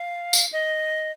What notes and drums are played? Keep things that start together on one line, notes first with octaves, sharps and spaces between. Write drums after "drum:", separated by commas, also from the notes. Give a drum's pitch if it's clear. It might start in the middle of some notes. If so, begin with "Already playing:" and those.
Already playing: F5
drum: tambourine
D#5